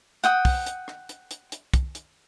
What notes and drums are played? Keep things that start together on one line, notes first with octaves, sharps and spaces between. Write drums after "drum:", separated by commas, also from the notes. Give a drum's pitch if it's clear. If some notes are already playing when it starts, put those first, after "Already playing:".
F#5 G5 D#6, drum: hi-hat
drum: kick, open hi-hat
drum: hi-hat
drum: rim click
drum: hi-hat
drum: hi-hat
drum: hi-hat
drum: kick, hi-hat
drum: hi-hat